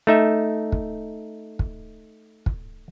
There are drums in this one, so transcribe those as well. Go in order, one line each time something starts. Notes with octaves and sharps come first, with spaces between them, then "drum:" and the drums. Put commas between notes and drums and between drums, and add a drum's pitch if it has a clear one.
A3 D#4 E5
drum: kick
drum: kick
drum: kick